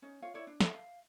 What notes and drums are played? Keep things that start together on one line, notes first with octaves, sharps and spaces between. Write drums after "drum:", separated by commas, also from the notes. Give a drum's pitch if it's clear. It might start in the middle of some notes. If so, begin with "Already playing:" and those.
C#4 D#4
F4 C#5 F5
E4 C#5 D5
D4
A4 E5, drum: snare
F5